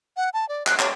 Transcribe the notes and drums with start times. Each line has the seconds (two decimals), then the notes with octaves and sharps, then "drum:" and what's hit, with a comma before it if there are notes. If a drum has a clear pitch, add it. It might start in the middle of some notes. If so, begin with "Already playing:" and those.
0.17 F#5
0.34 A5
0.49 D5
0.67 F#6, drum: clap
0.79 C#5, drum: clap